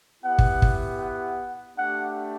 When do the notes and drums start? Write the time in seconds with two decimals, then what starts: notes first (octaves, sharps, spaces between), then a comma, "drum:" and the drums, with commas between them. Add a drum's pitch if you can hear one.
0.22 B3 E4 G4 F#5
0.39 drum: kick
0.62 drum: kick
1.00 F#5
1.78 A3 D4 G4 F#5